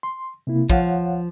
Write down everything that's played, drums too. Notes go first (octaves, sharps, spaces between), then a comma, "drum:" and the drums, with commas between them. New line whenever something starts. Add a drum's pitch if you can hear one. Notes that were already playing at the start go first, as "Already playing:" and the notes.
C6
C3 A#3 E4
F3 C#5 F5 F#5, drum: kick